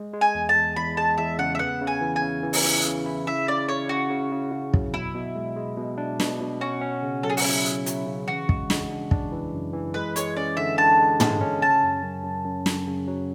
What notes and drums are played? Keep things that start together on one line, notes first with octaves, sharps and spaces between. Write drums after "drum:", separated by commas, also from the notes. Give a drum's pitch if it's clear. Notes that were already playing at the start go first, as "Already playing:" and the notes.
Already playing: G#3
G#3
G#5
E2
A5
E2
E2 B5
G#3 A5
E2 E5
C#3 F#5
E5
B3 F#5
C#3
G#5
E3
G#5
C#3
E3
drum: open hi-hat
E3
C#3
E4
C#3 E5
C#3 D5
C#3 C#5
C#4 F#4
C#3
C#3
C#3
F#3, drum: kick
B2 E4
B2
G#3
G#3
B2
D4
B2, drum: snare
B2
C#4 F#4
C#4
C#3
F#3 A4
G#4
F#4, drum: open hi-hat
C#3 E4
F#3
F#3, drum: hi-hat
C#3
E3 F#4
G#3, drum: kick
G#3, drum: snare
D4
D4, drum: kick
E3
F#2
E3
G#3 B4
G#3 C#5, drum: hi-hat
C#4 D5
D3 E5
D3 A5
G#3
G#3, drum: tom
C#4
C#3 A5
F#2
F#2
F#2
F#2
F#3, drum: snare
C#3
F#3